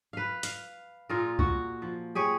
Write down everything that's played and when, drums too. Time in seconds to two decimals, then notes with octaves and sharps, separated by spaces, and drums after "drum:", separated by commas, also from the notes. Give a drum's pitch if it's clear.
0.13 B4 F5
0.43 F5, drum: hi-hat
1.09 A#2 F4 G#4 A#4
1.39 F#4, drum: kick C2
1.82 F3
2.15 G4 G#4 C#5